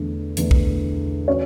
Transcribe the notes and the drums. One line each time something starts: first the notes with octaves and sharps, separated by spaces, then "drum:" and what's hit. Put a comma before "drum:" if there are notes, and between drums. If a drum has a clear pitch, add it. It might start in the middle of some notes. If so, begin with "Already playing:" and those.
Already playing: E2 D3 A3 D4
E2 D3 A3 D4, drum: hi-hat
drum: kick
C#4 F#4 C#5